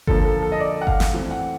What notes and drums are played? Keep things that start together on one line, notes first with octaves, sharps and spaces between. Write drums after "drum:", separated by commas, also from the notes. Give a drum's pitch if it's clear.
D3 F3 A#3 A4, drum: kick G1
A4
A4
D#5
D5
F#5
F5, drum: kick G1
drum: snare
E3 A3 C4
F#5